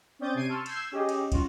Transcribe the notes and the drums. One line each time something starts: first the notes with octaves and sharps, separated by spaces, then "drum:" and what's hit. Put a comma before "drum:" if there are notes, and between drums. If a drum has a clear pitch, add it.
C4 C#4 D5 D#6 G6 A6
C3 G#6 C7 D7 D#7
A5 C6 C#6 E6 F6
E6 G6 G#6 C7 E7, drum: cymbal
C#4 G4 G#4 D#5
drum: cymbal
C#4 F4 F#4, drum: kick, cymbal